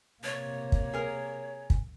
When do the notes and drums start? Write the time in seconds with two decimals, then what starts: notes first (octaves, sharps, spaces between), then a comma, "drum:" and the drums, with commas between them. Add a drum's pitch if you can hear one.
0.23 C3 A#3 C#5 A5 C#6
0.72 drum: kick
0.94 G#4 A#4
1.70 drum: kick